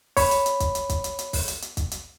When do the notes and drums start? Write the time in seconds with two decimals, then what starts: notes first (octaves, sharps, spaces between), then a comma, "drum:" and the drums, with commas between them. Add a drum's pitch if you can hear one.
0.17 C#5 B5, drum: kick, open hi-hat
0.31 drum: hi-hat
0.46 drum: hi-hat
0.60 drum: kick, hi-hat
0.75 drum: hi-hat
0.89 drum: kick, hi-hat
1.04 drum: hi-hat
1.19 drum: hi-hat
1.33 drum: kick, open hi-hat
1.48 drum: hi-hat
1.62 drum: hi-hat
1.77 drum: kick, hi-hat
1.92 drum: hi-hat